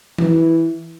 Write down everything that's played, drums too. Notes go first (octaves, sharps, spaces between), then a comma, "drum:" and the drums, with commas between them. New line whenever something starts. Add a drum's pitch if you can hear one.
E3, drum: tom E3